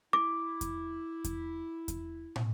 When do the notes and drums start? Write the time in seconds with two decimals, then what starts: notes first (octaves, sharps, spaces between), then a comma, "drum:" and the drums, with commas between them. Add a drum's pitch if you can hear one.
0.13 E4 D6
0.61 drum: kick E2, hi-hat
1.24 drum: kick E2, hi-hat
1.88 drum: kick E2, hi-hat
2.36 drum: tom